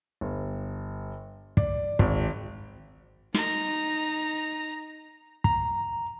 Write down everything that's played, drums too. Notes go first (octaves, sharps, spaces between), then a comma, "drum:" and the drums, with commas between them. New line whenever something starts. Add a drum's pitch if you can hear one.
G1
D5, drum: kick
G#1, drum: kick
D#4 A#5, drum: snare
A#5, drum: kick